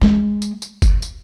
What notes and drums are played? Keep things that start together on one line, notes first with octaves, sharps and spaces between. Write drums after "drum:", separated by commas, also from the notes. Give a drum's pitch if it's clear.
G#3, drum: snare
drum: tambourine
drum: tambourine
drum: kick F#1, tambourine
drum: tambourine